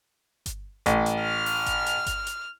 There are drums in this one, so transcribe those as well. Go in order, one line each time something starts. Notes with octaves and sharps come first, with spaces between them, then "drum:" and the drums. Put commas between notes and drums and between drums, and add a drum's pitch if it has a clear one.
drum: kick G1, hi-hat
A1, drum: kick G1, hi-hat
drum: hi-hat
F6
drum: open hi-hat
drum: kick G1, hi-hat
drum: hi-hat
drum: kick G1, hi-hat
drum: hi-hat